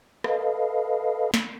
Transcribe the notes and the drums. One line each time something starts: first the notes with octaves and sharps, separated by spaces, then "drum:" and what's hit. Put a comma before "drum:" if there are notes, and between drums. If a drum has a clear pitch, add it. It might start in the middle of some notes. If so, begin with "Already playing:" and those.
A4 B4 D#5 F5, drum: rim click
drum: snare